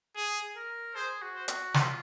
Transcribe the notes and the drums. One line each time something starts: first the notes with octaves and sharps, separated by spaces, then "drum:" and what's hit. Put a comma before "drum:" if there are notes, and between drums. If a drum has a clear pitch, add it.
G#4
A#4
G#4 C5
F#4
C5
F#4, drum: hi-hat
F4, drum: snare